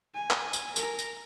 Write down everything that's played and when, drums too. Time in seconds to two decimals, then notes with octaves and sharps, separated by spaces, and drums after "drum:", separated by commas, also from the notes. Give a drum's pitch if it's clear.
0.15 G#5
0.31 drum: clap
0.53 drum: tambourine
0.76 A#4, drum: tambourine
0.99 drum: tambourine